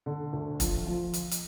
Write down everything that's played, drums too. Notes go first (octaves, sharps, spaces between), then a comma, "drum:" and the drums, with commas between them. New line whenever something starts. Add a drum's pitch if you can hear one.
D3
D2
F3, drum: kick, hi-hat
F3
drum: hi-hat
drum: hi-hat